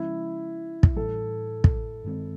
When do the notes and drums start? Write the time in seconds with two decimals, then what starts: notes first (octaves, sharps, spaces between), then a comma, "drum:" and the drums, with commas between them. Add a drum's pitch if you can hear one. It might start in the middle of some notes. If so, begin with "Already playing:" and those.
Already playing: C#3 F3 G#3 C#4 E4
0.83 drum: kick
0.96 A2 E3 G3 A4
1.64 drum: kick
2.04 G2 D#3 G#3 C4